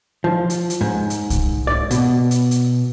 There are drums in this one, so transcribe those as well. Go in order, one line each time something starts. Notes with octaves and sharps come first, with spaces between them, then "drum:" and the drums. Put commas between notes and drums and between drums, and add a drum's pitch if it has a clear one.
F3
drum: hi-hat
drum: hi-hat
G#2
drum: hi-hat
drum: kick C2, hi-hat
D5
B2, drum: hi-hat
drum: hi-hat
drum: hi-hat